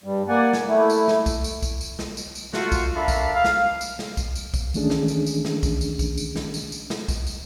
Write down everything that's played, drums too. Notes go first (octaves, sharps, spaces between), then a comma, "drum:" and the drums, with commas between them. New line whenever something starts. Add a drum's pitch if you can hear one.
G2 G3
A#3 D5 F#5 G#5
drum: snare
A3 E4
drum: tambourine
drum: snare
drum: kick, tambourine
drum: tambourine
drum: kick, tambourine
drum: tambourine
drum: snare
drum: tambourine
drum: tambourine
A3 F4 F#4, drum: snare
drum: kick, tambourine
D4 A4 A#4 E5 F5 B5
drum: kick, tambourine
F5
drum: snare
drum: tambourine
drum: snare
drum: kick, tambourine
drum: tambourine
drum: kick, tambourine
D#3 E3 A3 C#4 D4 G#4, drum: tambourine
drum: snare
drum: tambourine
drum: tambourine
drum: snare
drum: kick, tambourine
drum: tambourine
drum: kick, tambourine
drum: tambourine
drum: snare
drum: tambourine
drum: tambourine
drum: snare
drum: kick, tambourine
drum: tambourine